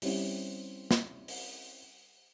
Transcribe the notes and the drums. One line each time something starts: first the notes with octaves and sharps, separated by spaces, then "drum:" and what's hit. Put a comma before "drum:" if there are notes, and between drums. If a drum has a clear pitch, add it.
G3 C4 C#4 E4, drum: open hi-hat
drum: snare
drum: open hi-hat